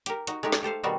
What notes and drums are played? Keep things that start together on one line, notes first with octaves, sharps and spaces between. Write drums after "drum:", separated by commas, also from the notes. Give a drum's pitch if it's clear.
G4 A#4, drum: hi-hat
D#4 F#4, drum: hi-hat
G#3 A3 D#4 G4
drum: snare
G4 A4 C5 F5
B2 D#3 G3 C4 D#4 F#4